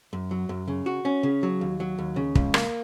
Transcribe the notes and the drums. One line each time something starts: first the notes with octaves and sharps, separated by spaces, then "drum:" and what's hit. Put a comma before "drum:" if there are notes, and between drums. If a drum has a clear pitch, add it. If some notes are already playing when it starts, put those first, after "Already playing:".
F#2
F#3
F#2
C#3
F#4
C#4
C#3
F#3
D#2
F#3
D#2
C#3
C#2, drum: kick
A#3, drum: rim click